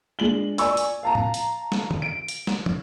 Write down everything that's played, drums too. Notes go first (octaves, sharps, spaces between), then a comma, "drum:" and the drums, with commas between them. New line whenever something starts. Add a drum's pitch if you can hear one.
G#3 D4 F#7 G7
D5 G#5 C#6 E6, drum: hi-hat
drum: hi-hat
F5 A5 A#5
drum: tom A2
drum: hi-hat
drum: snare
drum: tom
D7
drum: hi-hat
drum: snare
drum: tom